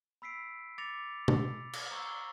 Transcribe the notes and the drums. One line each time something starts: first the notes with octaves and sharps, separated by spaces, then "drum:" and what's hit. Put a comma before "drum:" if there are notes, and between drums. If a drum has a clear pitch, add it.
B5 E6 B6 C7 D7
D6 A6 A#6 C#7 F7
drum: tom
drum: cymbal
A#5 C#6 E6